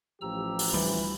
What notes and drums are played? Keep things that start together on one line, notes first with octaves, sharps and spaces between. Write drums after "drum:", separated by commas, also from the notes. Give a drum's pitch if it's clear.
A1 F3 G4 A#5 E6
drum: open hi-hat
D2 E3 G3 E4 B5